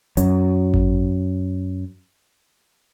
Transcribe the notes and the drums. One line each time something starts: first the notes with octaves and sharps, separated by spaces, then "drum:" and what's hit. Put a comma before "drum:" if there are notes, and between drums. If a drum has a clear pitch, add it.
F#2 F#3, drum: hi-hat
drum: kick G#1